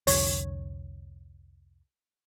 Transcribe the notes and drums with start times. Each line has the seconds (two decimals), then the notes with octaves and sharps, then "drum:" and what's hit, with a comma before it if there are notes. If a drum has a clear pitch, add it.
0.07 C2 F2 D3 C#5, drum: open hi-hat